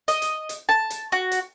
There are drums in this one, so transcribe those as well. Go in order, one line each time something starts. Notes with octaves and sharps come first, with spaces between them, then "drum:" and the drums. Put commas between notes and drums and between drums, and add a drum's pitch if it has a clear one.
D#5, drum: hi-hat
drum: hi-hat
drum: hi-hat
A5
drum: hi-hat
F#4
drum: hi-hat